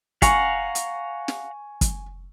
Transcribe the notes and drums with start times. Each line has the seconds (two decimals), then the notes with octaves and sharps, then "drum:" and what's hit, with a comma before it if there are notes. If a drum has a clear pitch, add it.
0.22 F5 F#5 G#5 A#5 C#6, drum: kick, hi-hat
0.75 drum: hi-hat
1.28 drum: snare
1.81 drum: kick, hi-hat